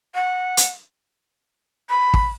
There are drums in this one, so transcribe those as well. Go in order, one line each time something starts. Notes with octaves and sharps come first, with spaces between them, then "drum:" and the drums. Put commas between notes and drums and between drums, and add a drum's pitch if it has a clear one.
F#5
drum: hi-hat
B5
drum: kick